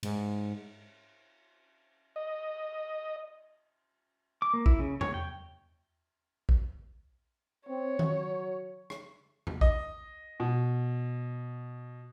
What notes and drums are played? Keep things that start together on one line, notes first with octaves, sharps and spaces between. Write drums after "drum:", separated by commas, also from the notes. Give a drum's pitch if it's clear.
G#2, drum: cymbal
D#5
D6
A#3
E4, drum: kick A#1
C#3
C#5, drum: tom E2
G5
drum: kick A#1
C4 C#5
F#3, drum: tom D#3
drum: rim click
drum: tom E2
D#5, drum: kick A#1
B2